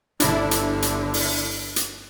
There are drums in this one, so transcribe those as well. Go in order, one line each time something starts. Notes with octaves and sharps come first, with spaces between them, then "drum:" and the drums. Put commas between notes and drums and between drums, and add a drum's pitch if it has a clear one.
G1 D3 D4 E4, drum: hi-hat
drum: hi-hat
drum: hi-hat
drum: open hi-hat
drum: hi-hat